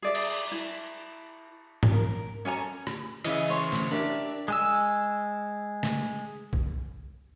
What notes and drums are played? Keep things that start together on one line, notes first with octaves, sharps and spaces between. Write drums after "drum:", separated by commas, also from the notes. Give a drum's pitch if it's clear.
G#4 D5 E5
drum: cymbal
E4
drum: tom G#2
A#4
C#4 A4 G#5 A#5
drum: rim click
C#3 E3 D#5 E5, drum: cymbal
C5 C#5
drum: snare
D4 G4 A#4 D5 E5
G#3 G#5 E6
drum: snare
drum: kick